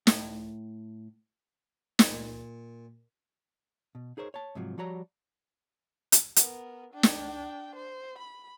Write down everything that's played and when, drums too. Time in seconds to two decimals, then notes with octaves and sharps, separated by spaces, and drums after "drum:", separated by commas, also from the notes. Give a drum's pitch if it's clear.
0.07 A2, drum: snare
1.99 drum: snare
2.08 A#2
3.95 B2
4.17 D#4 G#4 A#4 C5 C#5
4.34 C#5 A5
4.55 G#2 C3 F3 F#3
4.78 F3 G3 F#4 C#5 A#5
6.12 drum: hi-hat
6.36 B3 A#4, drum: hi-hat
6.93 D4 G5
7.03 drum: snare
7.76 C5
8.18 B5